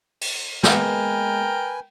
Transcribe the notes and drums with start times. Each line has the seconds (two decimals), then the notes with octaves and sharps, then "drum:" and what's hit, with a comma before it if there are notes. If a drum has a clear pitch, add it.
0.21 drum: open hi-hat
0.63 G#3 A#3 B3 A#4 B4 G5 G#5, drum: snare